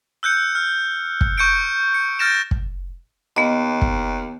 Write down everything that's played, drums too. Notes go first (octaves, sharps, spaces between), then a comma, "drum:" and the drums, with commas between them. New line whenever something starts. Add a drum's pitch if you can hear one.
E6 F#6 G6 C#7
F6
drum: kick
C#6 G6 C#7 D7
C#7
F6 G6 A6 A#6 D7 E7
drum: kick
D#2 B3 D#5
drum: kick